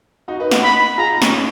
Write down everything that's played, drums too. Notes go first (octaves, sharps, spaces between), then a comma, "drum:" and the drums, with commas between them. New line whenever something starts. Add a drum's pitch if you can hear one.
D#4 F#4
B4 D#5
D#5 F#5, drum: snare
B5
F4 G#4 A#5
D#4
C#4, drum: snare
D#4